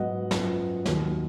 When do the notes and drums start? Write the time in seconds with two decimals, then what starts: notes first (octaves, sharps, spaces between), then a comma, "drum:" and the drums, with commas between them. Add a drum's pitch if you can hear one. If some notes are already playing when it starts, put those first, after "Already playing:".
Already playing: G#2 F#3 B3 D#5 F#5
0.31 F#2 F3 B3, drum: snare
0.85 D#2 D#3 F#3, drum: snare